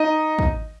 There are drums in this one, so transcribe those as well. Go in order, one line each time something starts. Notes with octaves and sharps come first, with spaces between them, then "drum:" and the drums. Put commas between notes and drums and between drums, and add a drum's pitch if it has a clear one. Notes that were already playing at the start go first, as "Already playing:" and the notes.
Already playing: D#4 D#5
drum: kick